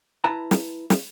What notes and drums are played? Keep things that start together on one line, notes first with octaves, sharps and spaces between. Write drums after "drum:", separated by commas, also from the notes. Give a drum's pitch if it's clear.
E4 B4 A5 A#5
drum: snare
drum: snare